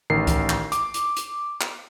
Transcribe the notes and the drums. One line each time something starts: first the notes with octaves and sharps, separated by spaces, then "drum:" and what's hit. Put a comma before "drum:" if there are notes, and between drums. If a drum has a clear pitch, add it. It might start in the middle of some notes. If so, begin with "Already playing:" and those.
A1 D#3 A#4 C7
drum: kick C2, hi-hat
drum: clap
D6, drum: hi-hat
drum: hi-hat
drum: hi-hat
drum: clap